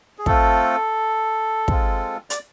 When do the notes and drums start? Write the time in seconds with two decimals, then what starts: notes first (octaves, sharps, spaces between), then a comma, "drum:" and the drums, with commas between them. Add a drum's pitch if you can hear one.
0.18 G#4
0.26 A3 C4 F4 A4, drum: kick
1.68 G#3 C4 F4, drum: kick
2.30 D5, drum: hi-hat